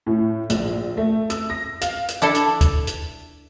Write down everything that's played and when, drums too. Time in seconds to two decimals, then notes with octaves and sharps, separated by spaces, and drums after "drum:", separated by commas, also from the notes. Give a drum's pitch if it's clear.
0.06 A2
0.50 A#1, drum: hi-hat
0.97 A3
1.30 E6, drum: hi-hat
1.50 A#6
1.81 F5, drum: hi-hat
2.08 drum: hi-hat
2.22 D4 E4 A4
2.35 drum: hi-hat
2.61 drum: kick, hi-hat
2.87 drum: hi-hat